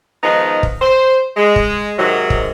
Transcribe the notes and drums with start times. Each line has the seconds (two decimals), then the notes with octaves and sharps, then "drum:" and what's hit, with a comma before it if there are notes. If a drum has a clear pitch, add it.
0.23 D#3 F3 G#3 B3 D#4
0.63 drum: kick
0.82 C5
1.37 G#3
1.56 drum: kick
1.98 G#2 C3 D#3 F#3
2.30 drum: kick